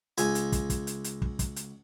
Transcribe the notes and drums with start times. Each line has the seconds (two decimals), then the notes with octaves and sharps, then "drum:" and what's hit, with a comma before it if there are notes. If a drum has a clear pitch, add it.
0.18 C#2 G#5, drum: hi-hat
0.35 drum: hi-hat
0.52 drum: kick, hi-hat
0.70 drum: kick, hi-hat
0.87 drum: hi-hat
1.04 drum: hi-hat
1.22 drum: kick
1.39 drum: kick, hi-hat
1.56 drum: hi-hat